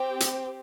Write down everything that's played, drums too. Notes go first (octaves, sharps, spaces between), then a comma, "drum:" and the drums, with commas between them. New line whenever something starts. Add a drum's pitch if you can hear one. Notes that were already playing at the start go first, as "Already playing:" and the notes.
Already playing: C4 G4 G5
drum: hi-hat